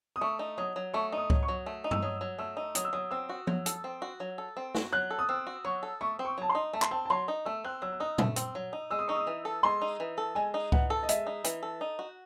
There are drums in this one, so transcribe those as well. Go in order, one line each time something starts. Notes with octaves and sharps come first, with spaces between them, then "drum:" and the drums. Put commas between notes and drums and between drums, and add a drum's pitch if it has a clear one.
D#6
A3 C#6
D#4
F#3 D#6
F#3
A3 C#6
D#4 D#6
F#3, drum: kick C#2
C#6
F#3
A3
D#4
E6, drum: tom G2
F#3 D#6
F#3
A3 E6
D#4
F#3 D#6, drum: hi-hat
E6
F#3 D#6
C4 E6
F#4
F#3, drum: tom F3
A4, drum: hi-hat
C4
F#4
F#3
A4
C4
F#4, drum: snare
F#3 F#6
A4
D#6
C4 E6
F#4
F#3 C#6
A4
A3 C#6
C4
C#6
F#3 A5
C6
D#4
A3 A5
C6, drum: clap
C4 A5
A5
F#3 C6
D#4
A3 E6
C4 F#6
F#3 E6
E6
D#4 D#6
A3, drum: tom
C4, drum: hi-hat
F#3
D#4
G#3 E6
D#6
D#4 C#6
D#6
E3
A4
G#3 C6
D#4
E3
A4
G#3 G#5
D#4
E3 F#5, drum: kick C#2
A4
D#5
G#3 E5, drum: hi-hat
D#4
E3, drum: hi-hat
A4
D#4
F#4